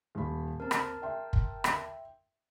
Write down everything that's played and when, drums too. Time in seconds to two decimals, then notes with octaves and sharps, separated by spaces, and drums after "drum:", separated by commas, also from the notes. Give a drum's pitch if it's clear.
0.15 D#1 B5
0.60 C4 A#4 A5
0.71 drum: rim click
1.02 E5 G5 C6
1.33 drum: kick
1.64 drum: rim click